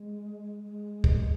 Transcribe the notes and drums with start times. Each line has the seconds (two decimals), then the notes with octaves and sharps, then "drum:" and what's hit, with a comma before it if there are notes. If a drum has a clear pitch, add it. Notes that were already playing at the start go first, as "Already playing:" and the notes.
Already playing: G#3
0.64 G#3
1.04 drum: kick